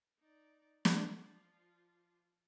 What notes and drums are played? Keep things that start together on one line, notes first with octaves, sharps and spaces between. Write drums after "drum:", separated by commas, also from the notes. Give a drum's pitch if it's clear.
D#4 D5
F3 F4 D5, drum: snare